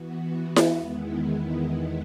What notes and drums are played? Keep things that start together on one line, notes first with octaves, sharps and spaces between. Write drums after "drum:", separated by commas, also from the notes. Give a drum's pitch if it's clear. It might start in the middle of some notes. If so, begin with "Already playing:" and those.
Already playing: E3 B3 F#4
drum: snare E4
E2 D#3 G#3 B3 E4